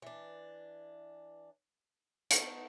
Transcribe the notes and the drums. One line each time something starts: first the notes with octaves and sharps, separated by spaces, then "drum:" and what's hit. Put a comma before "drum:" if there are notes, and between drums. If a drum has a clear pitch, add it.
E3 D4
A3 B3 D#4, drum: hi-hat